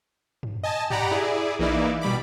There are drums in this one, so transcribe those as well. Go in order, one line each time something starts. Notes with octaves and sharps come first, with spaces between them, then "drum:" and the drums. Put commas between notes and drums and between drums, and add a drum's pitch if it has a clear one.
drum: tom
D#5 G#5 A5
G4 D5 F#5 A#5 B5, drum: tom
E4 G#4 D5
E3 A#3 D#4 E4 D5, drum: kick A#1
B2 G3 B5 D6